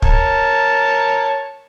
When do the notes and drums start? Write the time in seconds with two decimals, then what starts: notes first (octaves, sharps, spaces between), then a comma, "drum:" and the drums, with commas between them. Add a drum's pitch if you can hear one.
0.02 A#4 C#5 A5, drum: kick